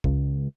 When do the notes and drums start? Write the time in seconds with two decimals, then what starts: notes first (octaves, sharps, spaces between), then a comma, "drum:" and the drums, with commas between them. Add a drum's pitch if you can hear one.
0.04 C#2, drum: kick